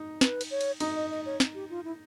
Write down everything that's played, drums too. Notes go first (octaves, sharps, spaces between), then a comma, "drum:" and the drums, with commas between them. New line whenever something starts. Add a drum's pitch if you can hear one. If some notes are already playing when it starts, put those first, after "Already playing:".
Already playing: D#4
B4, drum: snare
drum: cymbal
C#5
drum: cymbal
D#4 D#5, drum: cymbal
D#5
D#5
C#5
drum: snare
G4
F4
E4